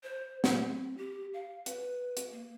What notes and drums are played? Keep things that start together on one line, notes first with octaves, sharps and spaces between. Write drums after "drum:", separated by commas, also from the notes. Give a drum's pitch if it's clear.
C5
C4, drum: snare
G4
F5
B4, drum: hi-hat
drum: hi-hat
A#3